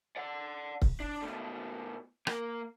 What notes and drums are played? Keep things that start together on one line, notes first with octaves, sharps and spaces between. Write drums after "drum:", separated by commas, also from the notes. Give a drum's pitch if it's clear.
D5 F#5
drum: kick C#1
D4
B2 A3
A#3, drum: rim click